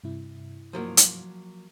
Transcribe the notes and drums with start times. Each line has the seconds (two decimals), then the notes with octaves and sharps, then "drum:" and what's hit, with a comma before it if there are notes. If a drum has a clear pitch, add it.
0.04 G2 C3 E4
0.73 F3 F#3 A#3
0.97 drum: hi-hat